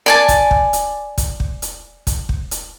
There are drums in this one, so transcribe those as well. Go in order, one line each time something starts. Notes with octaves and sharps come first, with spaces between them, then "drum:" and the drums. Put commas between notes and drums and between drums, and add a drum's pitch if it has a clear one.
D5 G#5 A5
drum: kick, hi-hat
drum: kick
drum: hi-hat
drum: kick, hi-hat
drum: kick
drum: hi-hat
drum: kick, hi-hat
drum: kick
drum: hi-hat